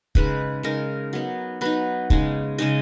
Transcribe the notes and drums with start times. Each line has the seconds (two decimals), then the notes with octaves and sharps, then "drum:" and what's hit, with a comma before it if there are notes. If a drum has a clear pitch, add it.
0.15 C#3 G#3 D#4 B4, drum: kick
0.63 C#3 G#3 D#4 A#4
1.13 F#3 B3 D#4
1.61 F#3 B3 D#4 B4
2.10 C#3 G#3 D#4, drum: kick
2.58 C#3 G#3 D#4 D#5